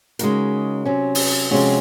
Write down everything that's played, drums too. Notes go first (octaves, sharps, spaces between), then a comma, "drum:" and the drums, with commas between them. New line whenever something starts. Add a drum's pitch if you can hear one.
C#3 G#3 D#4 F#4 A#4, drum: hi-hat
C3 F#3 C#4
drum: open hi-hat
C3 F3 G#3 C#4 F#4